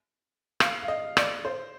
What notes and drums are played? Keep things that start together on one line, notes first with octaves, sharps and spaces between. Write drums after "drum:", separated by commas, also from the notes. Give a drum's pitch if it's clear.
F5, drum: rim click
F5
D#5
D5, drum: rim click
C5